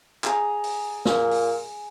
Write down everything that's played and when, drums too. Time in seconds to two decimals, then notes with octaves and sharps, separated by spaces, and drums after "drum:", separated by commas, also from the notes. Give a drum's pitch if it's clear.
0.24 G#4 A#5, drum: clap
0.64 drum: open hi-hat
1.05 A#2, drum: snare
1.31 drum: open hi-hat